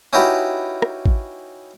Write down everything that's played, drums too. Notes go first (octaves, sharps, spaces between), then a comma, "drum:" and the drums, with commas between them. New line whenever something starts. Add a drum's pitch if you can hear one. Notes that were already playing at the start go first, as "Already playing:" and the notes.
C#4 D#4 E4 F#4 G4 B4
drum: rim click
drum: kick